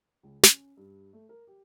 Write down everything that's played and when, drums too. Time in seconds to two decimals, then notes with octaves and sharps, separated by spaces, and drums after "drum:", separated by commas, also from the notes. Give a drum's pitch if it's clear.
0.23 C#2
0.43 C#4, drum: snare
0.77 G2
1.13 A3
1.29 A#4
1.47 G4